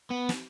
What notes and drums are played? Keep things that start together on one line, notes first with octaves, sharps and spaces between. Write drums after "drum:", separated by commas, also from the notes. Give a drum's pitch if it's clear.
B3
drum: snare